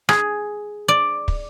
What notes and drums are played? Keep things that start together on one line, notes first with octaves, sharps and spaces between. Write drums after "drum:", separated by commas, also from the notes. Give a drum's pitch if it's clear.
G#4, drum: rim click
D5
drum: kick